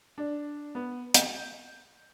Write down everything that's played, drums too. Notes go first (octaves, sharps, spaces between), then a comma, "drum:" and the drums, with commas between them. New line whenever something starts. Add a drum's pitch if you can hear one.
D4
B3
G6, drum: hi-hat